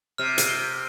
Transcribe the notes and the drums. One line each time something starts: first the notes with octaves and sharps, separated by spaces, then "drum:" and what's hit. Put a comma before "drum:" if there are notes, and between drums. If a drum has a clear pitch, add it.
C3 F6
drum: hi-hat
D7 G7